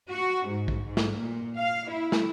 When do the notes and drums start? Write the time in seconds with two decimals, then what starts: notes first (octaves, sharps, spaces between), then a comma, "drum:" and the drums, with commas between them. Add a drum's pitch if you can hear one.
0.10 F#4
0.47 G#2
0.68 drum: kick
0.84 G#2
0.97 drum: snare
1.16 A#2
1.57 F5
1.90 E4
2.12 drum: snare